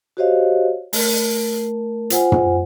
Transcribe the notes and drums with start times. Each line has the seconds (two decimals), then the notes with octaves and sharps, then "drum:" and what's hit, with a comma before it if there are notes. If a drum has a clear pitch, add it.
0.17 F#4 G4 C5 C#5 D#5 F5
0.93 A3 A#4, drum: open hi-hat
2.10 F4 C5 F#5 G#5, drum: hi-hat
2.32 drum: tom